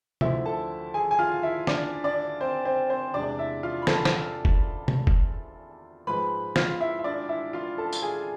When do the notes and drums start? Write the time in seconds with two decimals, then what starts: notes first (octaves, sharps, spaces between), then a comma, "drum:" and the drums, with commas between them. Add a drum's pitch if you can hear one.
0.21 D2 D3 F3 E4 E5, drum: tom
0.46 A4 A5
0.94 G#4 G#5
1.11 G#5
1.19 F4 F5
1.43 E4 E5
1.67 D4 D5, drum: snare
2.04 D4 D5
2.40 C4 C5
2.65 C4 C5
2.89 C4 C5
3.14 E2 C3 G#3 D4 D5
3.39 E4 E5
3.63 F4 F5
3.82 B5
3.87 A4 A5, drum: snare
4.05 drum: snare
4.45 drum: kick F1
4.88 drum: tom
5.07 drum: kick F1
6.07 G#2 F3 G#3 B4 B5
6.56 F4 F5, drum: snare
6.80 E4 E5
6.99 E5
7.04 D4 D5
7.29 E4 E5
7.53 F4 F5
7.78 A4 A5
7.93 drum: tambourine
8.02 G#4 G#5